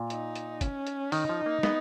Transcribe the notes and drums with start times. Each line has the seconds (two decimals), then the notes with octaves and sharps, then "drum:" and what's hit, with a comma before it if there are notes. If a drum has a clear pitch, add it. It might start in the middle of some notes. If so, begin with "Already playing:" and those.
Already playing: A#2
0.10 D#4, drum: hi-hat
0.35 drum: hi-hat
0.61 C#4, drum: kick, hi-hat
0.87 drum: hi-hat
1.12 D#3 D#4, drum: open hi-hat
1.29 F3
1.46 A#3
1.63 B3, drum: snare